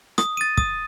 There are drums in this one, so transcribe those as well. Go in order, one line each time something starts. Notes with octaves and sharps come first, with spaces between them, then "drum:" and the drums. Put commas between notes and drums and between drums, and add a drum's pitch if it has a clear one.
D#6, drum: rim click
A6 D#7
D#6, drum: kick